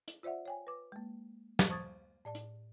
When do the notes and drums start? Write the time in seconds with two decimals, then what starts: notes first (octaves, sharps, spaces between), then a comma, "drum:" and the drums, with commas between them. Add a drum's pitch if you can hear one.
0.08 drum: hi-hat
0.23 F4 C5 D5 E5 F#5
0.46 C#5 G5 G#5
0.67 B4 D6
0.92 G#3 A#3
1.59 drum: snare
1.69 C5 A5 C#6 D#6 G#6 A6
2.25 A2 D5 A5
2.35 drum: hi-hat